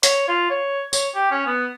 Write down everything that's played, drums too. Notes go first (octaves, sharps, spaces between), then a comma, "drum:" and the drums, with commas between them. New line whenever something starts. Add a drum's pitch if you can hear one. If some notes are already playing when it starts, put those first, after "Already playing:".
C#5, drum: hi-hat
F4
C#5
C#5, drum: tambourine
G4
C#4
B3